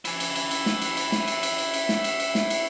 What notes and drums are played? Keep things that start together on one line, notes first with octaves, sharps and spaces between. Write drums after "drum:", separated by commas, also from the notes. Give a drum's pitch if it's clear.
E4 G#5, drum: cymbal
drum: cymbal
drum: cymbal
drum: cymbal
drum: snare
drum: cymbal
drum: cymbal
drum: snare
drum: cymbal
drum: cymbal
drum: cymbal
drum: cymbal
drum: snare
drum: cymbal
drum: cymbal
drum: snare
drum: cymbal